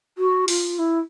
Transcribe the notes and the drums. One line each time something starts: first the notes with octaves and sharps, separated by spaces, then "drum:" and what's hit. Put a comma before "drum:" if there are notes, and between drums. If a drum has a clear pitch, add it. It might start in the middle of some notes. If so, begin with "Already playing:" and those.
F#4
F4, drum: open hi-hat
E4